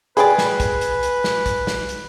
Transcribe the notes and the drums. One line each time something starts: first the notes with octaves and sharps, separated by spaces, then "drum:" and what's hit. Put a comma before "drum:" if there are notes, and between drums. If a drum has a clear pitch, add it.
G#4 B4 D5 G5 B5, drum: hi-hat
drum: snare
drum: kick, hi-hat
drum: hi-hat
drum: hi-hat
drum: snare
drum: kick, hi-hat
drum: snare
drum: hi-hat